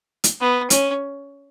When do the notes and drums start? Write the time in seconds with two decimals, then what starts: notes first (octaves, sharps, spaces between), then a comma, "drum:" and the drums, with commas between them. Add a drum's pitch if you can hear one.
0.24 drum: hi-hat
0.40 B3
0.70 C#4, drum: hi-hat